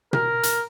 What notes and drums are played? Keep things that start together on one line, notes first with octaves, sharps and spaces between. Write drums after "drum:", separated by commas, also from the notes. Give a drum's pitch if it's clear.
A#4, drum: tom B2
drum: hi-hat